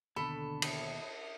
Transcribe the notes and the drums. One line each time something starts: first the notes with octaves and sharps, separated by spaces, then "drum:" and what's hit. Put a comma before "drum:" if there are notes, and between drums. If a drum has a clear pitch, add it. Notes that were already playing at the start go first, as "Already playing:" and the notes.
D#2 B2 D3 A4 B5
drum: cymbal